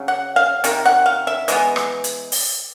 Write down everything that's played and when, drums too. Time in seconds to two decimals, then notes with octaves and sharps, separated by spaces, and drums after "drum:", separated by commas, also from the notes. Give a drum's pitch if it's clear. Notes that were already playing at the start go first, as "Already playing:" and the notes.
Already playing: C#3 F#3
0.08 F#5
0.36 F5
0.64 C3 D#3, drum: hi-hat
0.86 F#5
1.06 F5
1.27 E5
1.48 E3 G#3 B3 D#5, drum: hi-hat
1.76 drum: rim click
2.04 drum: hi-hat
2.32 drum: open hi-hat